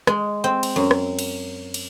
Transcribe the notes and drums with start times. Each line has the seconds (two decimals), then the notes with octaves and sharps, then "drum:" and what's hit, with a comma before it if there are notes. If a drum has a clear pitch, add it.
0.07 G#3, drum: rim click
0.44 C4
0.63 drum: cymbal
0.76 F#2
0.91 drum: rim click
1.19 drum: cymbal
1.74 drum: cymbal